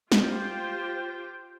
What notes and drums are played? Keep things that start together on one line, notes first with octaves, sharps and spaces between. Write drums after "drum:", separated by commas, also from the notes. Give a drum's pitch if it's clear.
F4 G4 C5 G5, drum: snare G3